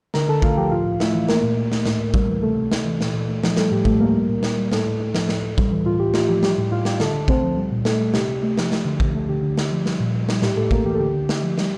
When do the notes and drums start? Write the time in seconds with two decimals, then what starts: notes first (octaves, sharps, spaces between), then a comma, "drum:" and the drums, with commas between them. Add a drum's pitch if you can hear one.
0.14 D3 A#4 A#5, drum: snare
0.28 D3 A4 A5
0.42 A3 F4 F5, drum: kick
0.57 F3 G4 G5
0.71 A2 F4 F5
0.85 A2
1.00 A3 E4 E5, drum: snare
1.14 E3
1.29 A3 A#3 A#4, drum: snare
1.43 A#2
1.57 A#2
1.72 A3, drum: snare
1.86 A2, drum: snare
2.00 A2
2.14 G3, drum: kick
2.29 E3
2.42 C3 A3 A4
2.57 C3
2.72 A3, drum: snare
2.86 E3
3.01 A#2, drum: snare
3.14 A#2
3.29 A3
3.44 F3, drum: snare
3.57 G3 A3 A4, drum: snare
3.71 A2 G4
3.85 A2 A3 A4, drum: kick
4.00 G3 A#3 A#4
4.15 G3
4.29 A#2
4.43 A#2, drum: snare
4.57 G3
4.72 A2 A3 A4, drum: snare
4.86 A2
5.00 A3
5.15 F3, drum: snare
5.29 A2, drum: snare
5.43 A2
5.58 G3, drum: kick
5.72 E3
5.86 A2 F4
5.99 A2 G4
6.14 A3 F4, drum: snare
6.28 F3 G4
6.43 G3 G4, drum: snare
6.58 A2 G4
6.71 A2 F4 F5
6.85 G3 G4 G5, drum: snare
7.00 D3 A4 A5, drum: snare
7.14 D3
7.28 A3 C4 C5, drum: kick
7.43 F3
7.57 G3
7.71 A#2
7.85 A#2 A3 A4, drum: snare
8.00 G3
8.14 C3 G4, drum: snare
8.28 C3
8.43 A3
8.57 F3, drum: snare
8.72 A3, drum: snare
8.85 D3
9.00 D3, drum: kick
9.15 A3
9.29 D3 G4
9.42 D3
9.58 A3, drum: snare
9.71 F3
9.86 G3, drum: snare
10.00 A#2
10.14 A#2
10.29 G3, drum: snare
10.42 A2 G4, drum: snare
10.57 A2 A3 A4
10.71 A3 A#3 A#4, drum: kick
10.85 E3 G4
10.95 A4
11.00 D3 G4
11.14 D3
11.29 A3, drum: snare
11.43 F3
11.58 G3, drum: snare